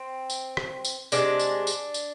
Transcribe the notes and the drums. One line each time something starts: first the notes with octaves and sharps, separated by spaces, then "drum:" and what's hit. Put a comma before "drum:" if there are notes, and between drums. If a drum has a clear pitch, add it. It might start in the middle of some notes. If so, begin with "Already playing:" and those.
Already playing: C4
drum: tambourine
drum: rim click
drum: tambourine
C3 D#3 G#3 D4, drum: tambourine
drum: tambourine
drum: tambourine
drum: tambourine